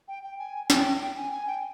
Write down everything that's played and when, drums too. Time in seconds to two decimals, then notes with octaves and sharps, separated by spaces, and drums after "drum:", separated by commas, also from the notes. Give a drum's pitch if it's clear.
0.08 G5
0.23 G5
0.39 G#5
0.70 G5, drum: snare
1.01 G5
1.16 G#5
1.32 G#5
1.47 G5